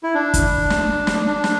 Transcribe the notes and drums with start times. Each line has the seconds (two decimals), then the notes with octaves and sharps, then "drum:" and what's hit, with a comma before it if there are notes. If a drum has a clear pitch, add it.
0.03 E4
0.15 D4
0.34 drum: kick, hi-hat
0.70 drum: snare
1.07 drum: snare
1.26 D4
1.44 drum: snare